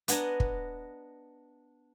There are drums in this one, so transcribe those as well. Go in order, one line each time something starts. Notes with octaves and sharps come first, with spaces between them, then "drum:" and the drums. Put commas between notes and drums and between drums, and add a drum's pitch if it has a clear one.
B3 D4 D#5 G#5 A#5, drum: hi-hat
drum: kick